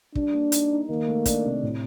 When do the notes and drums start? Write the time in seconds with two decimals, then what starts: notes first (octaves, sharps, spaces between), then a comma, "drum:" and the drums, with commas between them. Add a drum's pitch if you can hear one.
0.15 G3 D4, drum: kick
0.33 A#3
0.52 D#4, drum: hi-hat
0.70 D#4
0.89 D#3 A#3
1.07 A3
1.26 D4, drum: kick, hi-hat
1.45 C3
1.63 A2